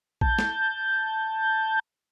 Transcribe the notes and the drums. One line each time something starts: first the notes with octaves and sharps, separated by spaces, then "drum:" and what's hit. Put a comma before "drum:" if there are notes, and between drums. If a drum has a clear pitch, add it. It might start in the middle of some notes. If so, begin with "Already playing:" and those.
A5 G6, drum: kick
drum: snare